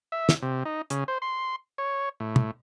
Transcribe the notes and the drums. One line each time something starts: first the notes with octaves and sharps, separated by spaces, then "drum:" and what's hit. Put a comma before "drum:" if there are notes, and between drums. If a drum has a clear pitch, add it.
E5
drum: snare
C3
D#4
C#3, drum: hi-hat
C5
C6
C#5
A2
drum: tom